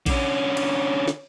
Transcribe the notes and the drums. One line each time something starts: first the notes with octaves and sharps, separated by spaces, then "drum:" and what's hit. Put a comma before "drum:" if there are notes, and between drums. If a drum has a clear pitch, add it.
D3 C#4, drum: kick A#1, cymbal
drum: cymbal
drum: snare